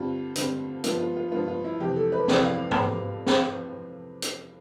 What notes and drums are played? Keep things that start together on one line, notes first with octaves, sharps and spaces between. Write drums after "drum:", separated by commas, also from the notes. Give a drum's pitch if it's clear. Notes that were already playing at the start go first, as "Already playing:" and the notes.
Already playing: G2 D3 G3 C4 F4
G2 D3 G3 C4, drum: hi-hat
G2 F3 B3 F4, drum: hi-hat
F4
F4
G2 F3 B3 F4
F4
E4
F2 C3 E3 G4
A4
B4
F2 C3 E3 D5, drum: snare
F5
drum: tom
drum: snare
drum: hi-hat